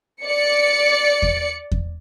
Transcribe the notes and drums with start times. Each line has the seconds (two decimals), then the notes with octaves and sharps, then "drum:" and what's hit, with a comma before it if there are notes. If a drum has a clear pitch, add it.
0.24 D5 C#7
1.22 drum: kick E2
1.72 drum: kick E2